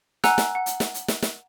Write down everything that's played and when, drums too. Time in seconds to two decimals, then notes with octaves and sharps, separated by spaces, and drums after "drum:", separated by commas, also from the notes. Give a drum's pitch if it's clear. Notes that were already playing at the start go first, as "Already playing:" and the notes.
0.24 F#5 G#5 A#5 E6 F#6, drum: snare
0.38 drum: snare
0.55 F#5
0.66 drum: hi-hat
0.80 drum: snare
0.94 drum: hi-hat
1.08 drum: snare
1.22 drum: snare